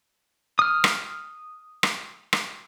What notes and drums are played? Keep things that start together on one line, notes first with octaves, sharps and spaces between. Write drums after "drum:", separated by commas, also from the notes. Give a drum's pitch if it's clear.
D#6 F6
drum: rim click
drum: rim click
drum: rim click